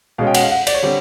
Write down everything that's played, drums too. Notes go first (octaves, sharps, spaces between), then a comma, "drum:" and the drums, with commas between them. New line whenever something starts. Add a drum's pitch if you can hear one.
B2 G#3 C#4 F5
G5
F#5, drum: cymbal
F5
F#5
D5, drum: cymbal
C#5
D3 G3 C4